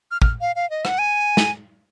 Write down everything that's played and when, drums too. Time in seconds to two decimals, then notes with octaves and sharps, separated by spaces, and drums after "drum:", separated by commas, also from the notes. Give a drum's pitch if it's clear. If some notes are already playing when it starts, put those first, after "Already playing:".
0.11 F6
0.22 F6, drum: kick
0.41 F5
0.56 F5
0.70 D#5
0.85 F#5, drum: rim click
0.99 G#5
1.37 drum: snare